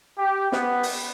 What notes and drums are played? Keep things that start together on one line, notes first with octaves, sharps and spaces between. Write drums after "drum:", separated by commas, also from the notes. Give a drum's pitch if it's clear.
G4
B3, drum: snare
drum: open hi-hat